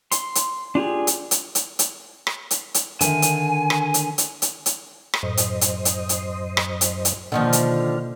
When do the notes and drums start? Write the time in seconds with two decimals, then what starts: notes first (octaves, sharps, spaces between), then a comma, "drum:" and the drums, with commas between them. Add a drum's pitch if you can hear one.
0.11 C6, drum: hi-hat
0.35 drum: hi-hat
0.75 D4 F4 G4 G#4
1.07 drum: hi-hat
1.31 drum: hi-hat
1.55 drum: hi-hat
1.79 drum: hi-hat
2.27 drum: rim click
2.51 drum: hi-hat
2.74 drum: hi-hat
3.01 D3 D#3 E5 G#5, drum: hi-hat
3.22 drum: hi-hat
3.70 drum: rim click
3.94 drum: hi-hat
4.18 drum: hi-hat
4.42 drum: hi-hat
4.66 drum: hi-hat
5.14 drum: rim click
5.23 F#2 A2 C5 D#5
5.37 drum: hi-hat
5.61 drum: hi-hat
5.85 drum: hi-hat
6.09 drum: hi-hat
6.57 drum: rim click
6.81 drum: hi-hat
7.05 drum: hi-hat
7.32 B2 D3 D#3 F3 A#3 F5 F#5
7.53 drum: hi-hat